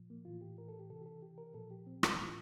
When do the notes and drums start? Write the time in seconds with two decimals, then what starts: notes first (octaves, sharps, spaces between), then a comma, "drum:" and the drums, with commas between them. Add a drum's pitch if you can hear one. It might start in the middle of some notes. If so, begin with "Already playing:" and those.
Already playing: A#2 F3
0.10 A#3
0.25 A2 E3 F4
0.41 G4
0.58 A#4
0.69 A4
0.79 G4
0.90 C3 E3 A4
1.01 G4
1.06 A4
1.22 G4
1.38 A#4
1.54 A#2 F3 A4
1.71 G4
1.87 C4
2.03 D4, drum: rim click
2.19 A2 E3 F4